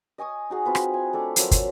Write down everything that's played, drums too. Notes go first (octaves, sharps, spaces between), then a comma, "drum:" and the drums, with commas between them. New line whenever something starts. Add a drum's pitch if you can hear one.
D#5 G#5 C#6 D#6
D#4 F#4 G#4
C4 F4 B4
drum: rim click
G#5
A3 D4 A4
F3 F#3 A#4 E5, drum: hi-hat
drum: kick, hi-hat